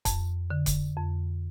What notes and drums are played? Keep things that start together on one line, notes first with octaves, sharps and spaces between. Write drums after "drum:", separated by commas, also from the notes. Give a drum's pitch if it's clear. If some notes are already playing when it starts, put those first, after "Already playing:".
F2, drum: kick C#1, hi-hat
D3
drum: kick C#1, hi-hat
F2